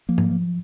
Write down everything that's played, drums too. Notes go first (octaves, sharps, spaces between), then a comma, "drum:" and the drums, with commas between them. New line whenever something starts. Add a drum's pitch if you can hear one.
F3 A#3
drum: tom G#2
F3